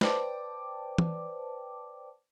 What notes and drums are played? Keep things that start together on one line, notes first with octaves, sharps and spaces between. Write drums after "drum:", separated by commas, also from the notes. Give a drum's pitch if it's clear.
B4 C5 D5 G5 A5 D6, drum: snare
drum: tom